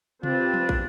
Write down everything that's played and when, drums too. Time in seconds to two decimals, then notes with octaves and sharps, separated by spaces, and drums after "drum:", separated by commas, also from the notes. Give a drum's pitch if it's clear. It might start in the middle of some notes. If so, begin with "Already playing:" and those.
0.23 C4 D4 F4 G4 B4, drum: tom C3
0.54 drum: tom F3
0.69 drum: kick